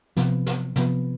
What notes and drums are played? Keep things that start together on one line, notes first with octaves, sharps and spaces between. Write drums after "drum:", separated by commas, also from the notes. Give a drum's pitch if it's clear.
C3 F3 B3, drum: snare
drum: snare
C3 F3 B3, drum: snare